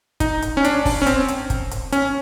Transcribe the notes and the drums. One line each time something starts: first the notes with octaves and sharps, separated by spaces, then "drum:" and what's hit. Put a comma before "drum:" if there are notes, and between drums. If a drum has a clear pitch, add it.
D#4, drum: kick, hi-hat
drum: hi-hat
C#4
D4, drum: hi-hat
drum: kick, open hi-hat
C#4
C4, drum: hi-hat
drum: hi-hat
drum: kick, hi-hat
drum: hi-hat
C#4, drum: hi-hat